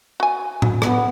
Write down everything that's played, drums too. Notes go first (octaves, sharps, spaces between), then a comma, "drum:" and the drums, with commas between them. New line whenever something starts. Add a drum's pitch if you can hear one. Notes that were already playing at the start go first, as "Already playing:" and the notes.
F#4 G#5
drum: tom A2
E3 F#3 B3 D4, drum: rim click